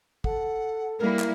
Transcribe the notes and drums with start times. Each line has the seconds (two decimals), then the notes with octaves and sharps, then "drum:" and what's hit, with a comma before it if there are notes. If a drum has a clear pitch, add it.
0.24 A4 F#5, drum: kick
0.99 G3 A#3 E4 A#4
1.19 drum: clap